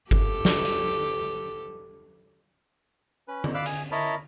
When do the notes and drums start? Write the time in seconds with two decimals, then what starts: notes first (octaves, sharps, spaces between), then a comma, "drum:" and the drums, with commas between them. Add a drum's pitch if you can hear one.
0.11 G4 A4, drum: kick G1
0.45 drum: snare
0.65 drum: hi-hat
3.28 C#4 B4
3.44 drum: tom D3
3.54 D5 F5 B5 E6 F#6
3.66 G#4, drum: hi-hat
3.92 E4 A#4 C#5 D#5 A5 B5